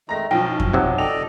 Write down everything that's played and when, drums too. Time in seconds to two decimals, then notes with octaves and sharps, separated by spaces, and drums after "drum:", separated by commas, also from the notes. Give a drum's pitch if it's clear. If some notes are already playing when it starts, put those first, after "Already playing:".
0.09 D#3 G#3 A3 A#5 A#6
0.31 B1 F3 C#4 G5
0.60 drum: kick F2
0.73 C3 F#3 D#4 F#4
0.98 A4 D5 D#5 G5 F7